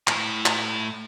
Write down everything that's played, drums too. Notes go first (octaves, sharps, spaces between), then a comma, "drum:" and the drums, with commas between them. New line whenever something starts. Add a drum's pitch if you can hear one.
A2 E4, drum: clap
drum: clap